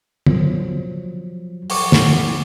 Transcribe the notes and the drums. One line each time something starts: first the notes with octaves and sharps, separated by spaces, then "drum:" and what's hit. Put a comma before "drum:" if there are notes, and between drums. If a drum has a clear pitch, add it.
F3 F#3, drum: tom
F#5 C#6 D6, drum: open hi-hat
drum: snare